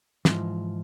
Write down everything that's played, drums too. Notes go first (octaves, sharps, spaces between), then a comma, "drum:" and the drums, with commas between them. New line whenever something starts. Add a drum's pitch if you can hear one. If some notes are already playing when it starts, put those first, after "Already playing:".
G#2 E3 F3, drum: snare